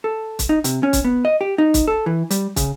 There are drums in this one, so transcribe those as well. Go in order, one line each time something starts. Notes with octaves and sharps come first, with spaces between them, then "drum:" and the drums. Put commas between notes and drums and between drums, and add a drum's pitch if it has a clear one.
A4
drum: kick, hi-hat
D#4
C3, drum: hi-hat
C#4
drum: kick, hi-hat
B3
D#5
G4
D#4
drum: kick, hi-hat
A4
E3
G3, drum: hi-hat
C#3, drum: kick, hi-hat